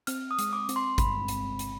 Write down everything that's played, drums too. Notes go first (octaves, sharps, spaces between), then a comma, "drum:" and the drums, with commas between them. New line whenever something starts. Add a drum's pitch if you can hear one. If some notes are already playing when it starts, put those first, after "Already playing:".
C4 F6, drum: hi-hat
D#6
G#3, drum: hi-hat
D6
C4, drum: hi-hat
C6
G2 B5, drum: kick G#1, hi-hat
G1, drum: hi-hat
drum: hi-hat